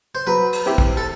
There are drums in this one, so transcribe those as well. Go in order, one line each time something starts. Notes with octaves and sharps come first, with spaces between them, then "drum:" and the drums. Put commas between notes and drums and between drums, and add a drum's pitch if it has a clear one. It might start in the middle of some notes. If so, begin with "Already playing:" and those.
C5
F#3 B4
drum: cymbal
C4 E4 G4
drum: kick
A4